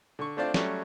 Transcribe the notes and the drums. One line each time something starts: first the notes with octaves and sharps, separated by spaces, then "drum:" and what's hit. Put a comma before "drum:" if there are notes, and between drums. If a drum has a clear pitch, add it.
D3 C#6
A3 C4 D4 F4 C5 D5
F#3 G3 A3 C#4, drum: snare